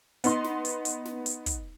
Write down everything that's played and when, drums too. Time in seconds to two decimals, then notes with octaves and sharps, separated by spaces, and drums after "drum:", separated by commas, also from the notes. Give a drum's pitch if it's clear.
0.24 B3 D#4 C6, drum: hi-hat
0.44 drum: snare
0.65 drum: hi-hat
0.85 drum: hi-hat
1.05 drum: snare
1.26 drum: hi-hat
1.46 drum: kick, hi-hat